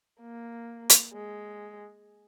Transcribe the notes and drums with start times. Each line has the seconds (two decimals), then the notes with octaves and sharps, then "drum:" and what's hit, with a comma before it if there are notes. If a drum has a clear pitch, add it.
0.21 A#3
0.89 drum: hi-hat
1.13 G#3